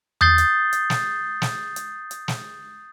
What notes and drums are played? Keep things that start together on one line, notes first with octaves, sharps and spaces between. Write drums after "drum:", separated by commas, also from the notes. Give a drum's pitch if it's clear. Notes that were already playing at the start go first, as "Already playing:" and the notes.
D#6 G6 A6 C7 G7, drum: tom E2
drum: hi-hat
drum: hi-hat
drum: snare
drum: snare
drum: hi-hat
drum: hi-hat
drum: snare